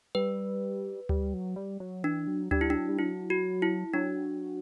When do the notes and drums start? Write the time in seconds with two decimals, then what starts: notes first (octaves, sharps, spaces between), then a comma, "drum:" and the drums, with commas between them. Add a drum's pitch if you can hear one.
0.15 G3 B4
1.09 G3, drum: tom D2
1.34 F#3
1.56 G3
1.80 F#3
2.03 E3 D4
2.27 F#3
2.51 G3 D4, drum: tom D2
2.61 E4
2.70 D4
2.75 F#3
2.89 G3
2.99 F#3 E4
3.30 F#4
3.62 E4
3.93 F#3 D4